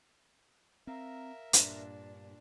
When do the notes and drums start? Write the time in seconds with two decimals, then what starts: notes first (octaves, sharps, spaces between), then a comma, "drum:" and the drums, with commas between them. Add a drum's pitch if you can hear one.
0.87 C4 A#4 E5 F5 A#5 E6
1.53 G2 A#2 D4 C6 F#6 B6, drum: hi-hat